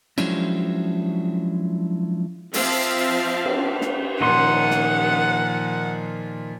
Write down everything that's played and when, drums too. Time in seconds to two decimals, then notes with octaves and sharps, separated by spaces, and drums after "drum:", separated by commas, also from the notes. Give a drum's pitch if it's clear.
0.18 F3 F#3 G#3 C#4 D4 E4, drum: cymbal
2.54 F3 C4 E5 F5 A5, drum: open hi-hat
3.46 drum: cymbal
3.81 drum: snare
4.21 A#2 D#3 F3 D#4 F#5 C6
4.71 drum: snare